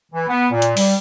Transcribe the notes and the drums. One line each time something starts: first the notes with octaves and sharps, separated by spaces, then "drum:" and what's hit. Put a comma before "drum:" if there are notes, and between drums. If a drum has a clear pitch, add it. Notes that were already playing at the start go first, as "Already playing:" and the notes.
E3
B3
A#2
drum: hi-hat
G3, drum: open hi-hat